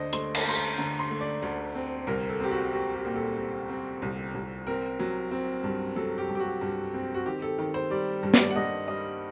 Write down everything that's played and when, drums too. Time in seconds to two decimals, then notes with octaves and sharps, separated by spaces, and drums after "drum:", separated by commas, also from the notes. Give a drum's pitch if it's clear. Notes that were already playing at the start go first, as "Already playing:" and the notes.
Already playing: D2 D3 C5 D5 D#5
0.13 A3 C6, drum: hi-hat
0.35 A#5, drum: cymbal
0.45 A3 C6
0.56 A#5
0.78 D3 A#5
0.99 C6
1.10 A3
1.21 D5
1.42 D2
1.75 C4
2.07 C2 A#4
2.29 A4
2.40 C4 G4
2.51 F#4
2.72 C4 F#4
2.94 G4
3.05 A#2
3.15 A4
3.37 C4
3.69 C4
4.02 C2
4.34 C2
4.67 C4 A#4
4.99 F#3
5.31 C4
5.64 G2
5.96 F#3 A4
6.18 G4
6.28 G2
6.35 G4
6.40 F#4
6.61 G2
6.94 C4
7.14 F#4
7.26 D#3 G4
7.42 A4
7.58 D#3
7.74 C5
7.90 G3 D5
8.23 G2
8.34 D5, drum: snare
8.50 F#5
8.56 G2 D#5
8.88 G3 D#5